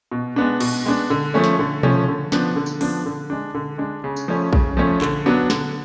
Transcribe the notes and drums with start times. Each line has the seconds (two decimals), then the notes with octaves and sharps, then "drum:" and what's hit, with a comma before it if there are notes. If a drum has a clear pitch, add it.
0.11 B2
0.36 G#3 B3 D4
0.60 B2, drum: cymbal
0.86 G#3 B3 D4
1.10 D3
1.34 F3 A3 C#4
1.44 drum: snare
1.59 D3
1.83 F3 A3 C#4, drum: tom B2
2.08 D3
2.32 F3 B3 D4, drum: snare
2.56 D3
2.66 drum: tambourine
2.81 F3 B3 D4, drum: open hi-hat
3.06 D3
3.30 G#3 D4
3.54 D3
3.78 G#3 D4
4.04 C#3
4.16 drum: tambourine
4.28 F3 A3 C#4
4.53 C#3, drum: kick
4.77 F3 A3 C#4
5.02 D3, drum: clap
5.26 F#3 B3 D4
5.50 D3, drum: snare